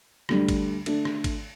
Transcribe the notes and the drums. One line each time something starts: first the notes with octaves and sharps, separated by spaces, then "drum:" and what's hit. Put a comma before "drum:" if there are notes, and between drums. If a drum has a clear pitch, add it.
D2 D3 G3 D4, drum: rim click
drum: kick G#1, cymbal
D3 A3 D4 A4, drum: cymbal
drum: rim click
drum: kick G#1, cymbal